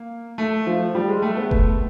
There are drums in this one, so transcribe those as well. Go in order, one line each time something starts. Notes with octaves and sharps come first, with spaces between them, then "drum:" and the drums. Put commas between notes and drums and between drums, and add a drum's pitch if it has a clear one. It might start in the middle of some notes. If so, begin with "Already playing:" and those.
Already playing: A#3
A3
F3
G3
G#3
A3
B3
A3, drum: kick F1